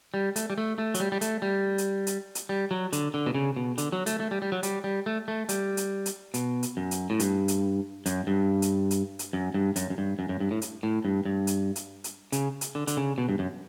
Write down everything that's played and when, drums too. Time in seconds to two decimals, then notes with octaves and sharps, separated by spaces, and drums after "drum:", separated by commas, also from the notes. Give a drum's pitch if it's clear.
0.14 G3
0.36 A3, drum: hi-hat
0.50 G3
0.58 A3
0.78 A3
0.94 F#3, drum: hi-hat
1.00 G3
1.12 G3
1.21 A3, drum: hi-hat
1.42 G3
1.78 drum: hi-hat
2.07 drum: hi-hat
2.35 drum: hi-hat
2.49 G3
2.71 F#3
2.93 D3, drum: hi-hat
3.14 D3
3.26 B2
3.35 C#3
3.56 B2
3.78 D3, drum: hi-hat
3.92 F#3
4.06 A3, drum: hi-hat
4.20 A3
4.31 G3
4.42 G3
4.52 F#3
4.63 G3, drum: hi-hat
4.84 G3
5.06 A3
5.28 A3
5.49 G3, drum: hi-hat
5.77 drum: hi-hat
6.06 drum: hi-hat
6.34 B2, drum: hi-hat
6.63 drum: hi-hat
6.77 F#2
6.91 drum: hi-hat
7.10 A2
7.20 G2, drum: hi-hat
7.48 drum: hi-hat
8.06 F#2, drum: hi-hat
8.27 G2
8.62 drum: hi-hat
8.91 drum: hi-hat
9.19 drum: hi-hat
9.33 F#2
9.54 G2
9.76 F#2, drum: hi-hat
9.90 F#2
9.98 G2
10.19 F#2
10.29 F#2
10.40 G2
10.51 A2
10.62 drum: hi-hat
10.83 A2
11.05 G2
11.25 G2
11.47 drum: hi-hat
11.76 drum: hi-hat
12.04 drum: hi-hat
12.32 C#3, drum: hi-hat
12.61 drum: hi-hat
12.75 D3
12.87 D3, drum: hi-hat
12.97 C#3
13.18 B2
13.29 G2
13.39 F#2